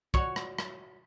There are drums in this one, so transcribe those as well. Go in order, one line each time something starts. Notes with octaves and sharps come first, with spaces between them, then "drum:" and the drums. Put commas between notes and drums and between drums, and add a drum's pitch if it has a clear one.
F#4 C#5, drum: kick
drum: rim click
drum: rim click